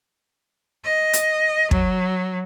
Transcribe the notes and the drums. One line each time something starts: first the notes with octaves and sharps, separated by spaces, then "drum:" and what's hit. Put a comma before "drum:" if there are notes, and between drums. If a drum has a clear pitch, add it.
D#5
drum: hi-hat
F#3, drum: kick